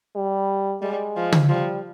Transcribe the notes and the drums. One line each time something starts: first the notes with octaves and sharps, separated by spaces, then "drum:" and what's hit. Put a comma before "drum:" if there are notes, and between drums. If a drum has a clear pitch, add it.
G3
G3 G#3
F3
drum: tom
F3 G3